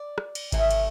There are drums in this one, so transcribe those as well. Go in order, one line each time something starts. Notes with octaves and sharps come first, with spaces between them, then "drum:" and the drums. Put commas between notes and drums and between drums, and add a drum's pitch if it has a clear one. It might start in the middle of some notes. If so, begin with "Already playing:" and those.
Already playing: D5
drum: rim click
drum: cymbal
C3 E3 A3, drum: kick G#1, cymbal
drum: cymbal